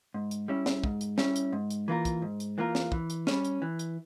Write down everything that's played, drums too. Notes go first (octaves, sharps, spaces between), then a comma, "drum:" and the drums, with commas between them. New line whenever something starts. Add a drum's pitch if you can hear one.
G#2
drum: hi-hat
G3 C#4 E4
drum: snare
G#2, drum: kick
drum: hi-hat
G3 C#4 E4, drum: snare
drum: hi-hat
G#2
drum: hi-hat
E3 A#3 F4 A#4
drum: kick, hi-hat
G#2
drum: hi-hat
E3 A#3 F4 A#4
drum: snare
E3, drum: kick
drum: hi-hat
G3 C#4, drum: snare
drum: hi-hat
E3
drum: hi-hat